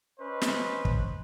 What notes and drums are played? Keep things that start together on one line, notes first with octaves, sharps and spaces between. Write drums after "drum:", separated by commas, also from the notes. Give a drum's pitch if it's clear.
C#4 B4 C5 D#5
drum: snare
drum: kick